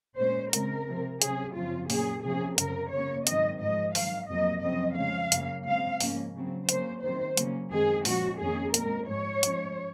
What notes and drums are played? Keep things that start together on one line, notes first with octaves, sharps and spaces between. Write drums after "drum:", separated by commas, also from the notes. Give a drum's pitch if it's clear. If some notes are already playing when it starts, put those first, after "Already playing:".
A#2 G#3 C#4 C5
C#3 G#3 C4 A#4, drum: hi-hat
C3 F3 C4
C3 F#3 C#4 G#4, drum: hi-hat
F#2 C#3 F3 C4 F4
A#2 F#3 A#3 C#4 G#4, drum: open hi-hat
C3 F3 A#3 C#4 G#4
F#2 C#3 F#3 C4 A#4, drum: hi-hat
C#3 F#3 A#3 C#4 C#5
G#2 D#3 F#3 C4 D#5, drum: hi-hat
G#2 F3 G#3 D#5
G#2 D#3 F#3 F5, drum: open hi-hat
F2 C3 F#3 A#3 D#5
F2 C#3 F#3 C4 D#5
C#3 F3 G#3 C#4 F5
F#2 C#3 F#3 A#3, drum: hi-hat
C#3 G#3 C4 F5
G#2 F3 A#3 C#4, drum: open hi-hat
C#3 F#3 C4
C#3 F#3 A#3 C#4 C5, drum: hi-hat
C3 D#3 F#3 C5
C#3 F#3 A#3 C#4, drum: hi-hat
F#2 D#3 G#3 C4 G#4
A#2 F3 G#3 C#4 F#4, drum: open hi-hat
F2 D#3 A#3 C#4 G#4
A#2 G#3 C4 A#4, drum: hi-hat
G#2 F3 G#3 C#5
G#2 F3 G#3 C#4, drum: hi-hat